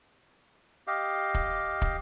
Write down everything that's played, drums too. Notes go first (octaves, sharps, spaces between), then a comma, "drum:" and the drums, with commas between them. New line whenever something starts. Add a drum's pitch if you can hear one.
G4 D#5 F5
drum: kick
drum: kick